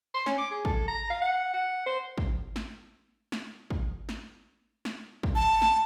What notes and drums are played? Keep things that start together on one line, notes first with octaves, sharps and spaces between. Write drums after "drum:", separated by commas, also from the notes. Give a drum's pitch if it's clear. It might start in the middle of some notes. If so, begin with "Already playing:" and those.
C6
C#4, drum: snare
D6
G#4
A4, drum: kick
A#5
F5
F#5
F#5
C5
drum: kick
drum: snare
drum: snare
drum: kick
drum: snare
drum: snare
drum: kick
A5
drum: snare